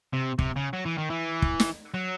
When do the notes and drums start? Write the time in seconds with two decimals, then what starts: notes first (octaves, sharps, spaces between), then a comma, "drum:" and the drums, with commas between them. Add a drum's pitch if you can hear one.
0.13 C3
0.39 C3, drum: kick
0.56 C#3
0.73 F#3
0.85 E3
0.98 D#3
1.10 E3
1.42 drum: kick
1.60 drum: snare
1.94 F#3